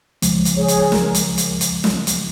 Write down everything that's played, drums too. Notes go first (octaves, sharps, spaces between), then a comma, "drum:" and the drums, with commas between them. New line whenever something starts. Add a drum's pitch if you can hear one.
C#2 C#3 F3 G#3, drum: hi-hat
drum: hi-hat
G#4 C#5
drum: hi-hat
A#4, drum: snare
drum: hi-hat
drum: hi-hat
drum: hi-hat
drum: snare
drum: hi-hat